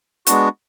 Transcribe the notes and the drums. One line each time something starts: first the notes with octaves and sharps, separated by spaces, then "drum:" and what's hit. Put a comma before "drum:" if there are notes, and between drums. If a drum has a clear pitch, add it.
G#3 B3 D4 F#4, drum: hi-hat